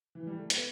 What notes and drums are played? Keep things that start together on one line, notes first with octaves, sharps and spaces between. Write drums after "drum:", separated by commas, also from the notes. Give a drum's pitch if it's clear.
E3
G3
A3
B3, drum: hi-hat